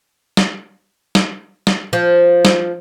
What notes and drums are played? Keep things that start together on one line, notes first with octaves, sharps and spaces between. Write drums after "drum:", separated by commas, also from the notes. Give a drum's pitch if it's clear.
drum: snare
drum: snare
drum: snare
F3
drum: snare